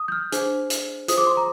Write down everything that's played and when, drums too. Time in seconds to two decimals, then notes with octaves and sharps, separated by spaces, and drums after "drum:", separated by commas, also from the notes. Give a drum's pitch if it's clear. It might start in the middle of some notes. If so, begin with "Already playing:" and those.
Already playing: D#6
0.08 G6
0.12 F6
0.32 D4 G#4 C5, drum: hi-hat
0.70 drum: hi-hat
1.08 F4 G#4 C5 D#6, drum: hi-hat
1.18 D6
1.27 C6
1.37 A#5